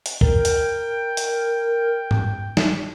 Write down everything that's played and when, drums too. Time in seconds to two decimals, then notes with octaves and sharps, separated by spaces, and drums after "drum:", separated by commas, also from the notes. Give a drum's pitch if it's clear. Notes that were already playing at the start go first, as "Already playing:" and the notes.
0.06 drum: hi-hat
0.21 A#4 G5, drum: kick C#2
0.45 drum: hi-hat
1.17 drum: hi-hat
2.11 drum: tom G#2
2.57 drum: snare